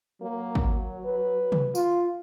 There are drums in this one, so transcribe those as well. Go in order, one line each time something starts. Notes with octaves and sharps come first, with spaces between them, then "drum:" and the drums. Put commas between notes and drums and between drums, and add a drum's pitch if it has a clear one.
F#3 A#3
drum: kick
B4
drum: tom C3
F4, drum: tambourine